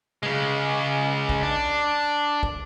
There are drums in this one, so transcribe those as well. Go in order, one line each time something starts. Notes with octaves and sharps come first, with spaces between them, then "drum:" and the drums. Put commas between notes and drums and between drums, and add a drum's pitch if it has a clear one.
C#3 G#3, drum: tom B2
drum: kick
D4
drum: kick